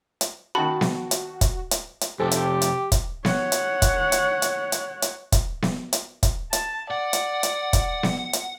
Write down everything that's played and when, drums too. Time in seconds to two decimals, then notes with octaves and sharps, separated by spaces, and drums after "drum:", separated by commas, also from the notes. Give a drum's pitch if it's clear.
0.21 drum: hi-hat
0.55 D#3 F#4 A5 B5
0.81 drum: snare B3
1.11 drum: hi-hat
1.41 drum: kick, hi-hat
1.71 drum: hi-hat
2.01 drum: hi-hat
2.20 F2 C3 G4 A4 C5
2.31 drum: hi-hat
2.62 drum: hi-hat
2.92 drum: kick, hi-hat
3.25 C#5 F#5, drum: snare B3
3.52 drum: hi-hat
3.82 drum: kick, hi-hat
4.12 drum: hi-hat
4.42 drum: hi-hat
4.72 drum: hi-hat
5.02 drum: hi-hat
5.32 drum: kick, hi-hat
5.62 drum: snare B3
5.93 drum: hi-hat
6.23 drum: kick, hi-hat
6.53 A5, drum: hi-hat
6.91 D5 F#5
7.13 drum: hi-hat
7.43 drum: hi-hat
7.73 drum: kick, hi-hat
8.03 drum: snare B3
8.33 drum: hi-hat